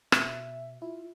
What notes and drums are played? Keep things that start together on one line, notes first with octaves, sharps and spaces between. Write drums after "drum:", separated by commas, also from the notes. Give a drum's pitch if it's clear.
B2 E5, drum: rim click
E4 F4